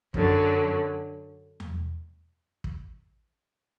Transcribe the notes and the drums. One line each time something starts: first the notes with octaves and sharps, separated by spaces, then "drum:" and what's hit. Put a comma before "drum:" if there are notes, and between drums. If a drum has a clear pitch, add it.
F#2 D3 F#3, drum: kick
drum: tom E2
drum: kick